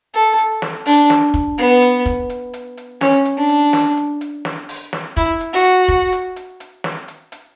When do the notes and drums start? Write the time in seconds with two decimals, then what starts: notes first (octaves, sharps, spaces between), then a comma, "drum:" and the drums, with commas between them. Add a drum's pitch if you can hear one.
0.14 A4
0.38 drum: hi-hat
0.62 drum: snare
0.86 D4, drum: open hi-hat
1.10 drum: snare
1.34 drum: kick, hi-hat
1.58 B3, drum: hi-hat
1.82 drum: hi-hat
2.06 drum: kick, hi-hat
2.30 drum: hi-hat
2.53 drum: hi-hat
2.77 drum: hi-hat
3.01 C#4, drum: snare
3.25 drum: hi-hat
3.37 D4
3.49 drum: hi-hat
3.73 drum: snare
3.97 drum: hi-hat
4.21 drum: hi-hat
4.45 drum: snare
4.69 drum: open hi-hat
4.93 drum: snare
5.17 E4, drum: kick, hi-hat
5.41 drum: hi-hat
5.53 F#4
5.64 drum: hi-hat
5.88 drum: kick, hi-hat
6.12 drum: hi-hat
6.36 drum: hi-hat
6.60 drum: hi-hat
6.84 drum: snare
7.08 drum: hi-hat
7.32 drum: hi-hat